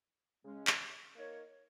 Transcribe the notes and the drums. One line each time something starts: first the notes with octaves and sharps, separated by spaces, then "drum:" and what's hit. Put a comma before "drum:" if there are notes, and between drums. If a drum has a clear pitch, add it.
C#3 G#3 C#4
drum: clap
A#3 D#4 A#4 C#5